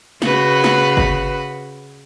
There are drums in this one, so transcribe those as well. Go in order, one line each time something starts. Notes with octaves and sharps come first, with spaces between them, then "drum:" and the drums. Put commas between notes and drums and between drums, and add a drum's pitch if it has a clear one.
C#3 F#4 B4, drum: snare
drum: snare
drum: kick G1